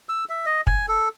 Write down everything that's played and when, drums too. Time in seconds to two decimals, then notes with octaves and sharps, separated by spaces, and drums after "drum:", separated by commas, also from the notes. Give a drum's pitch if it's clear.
0.09 E6
0.29 E5
0.46 D#5
0.67 G#5, drum: kick
0.88 A4